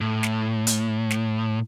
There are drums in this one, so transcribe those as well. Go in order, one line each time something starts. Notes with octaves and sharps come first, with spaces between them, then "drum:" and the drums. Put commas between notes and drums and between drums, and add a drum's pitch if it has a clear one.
A2
drum: snare
drum: hi-hat
drum: snare